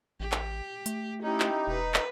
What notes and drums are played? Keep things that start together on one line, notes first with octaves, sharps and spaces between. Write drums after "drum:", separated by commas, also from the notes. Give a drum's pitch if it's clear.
A1 G4
drum: clap
A3, drum: hi-hat
C#4 D#4 E4 G4
drum: clap
E1 B4
drum: clap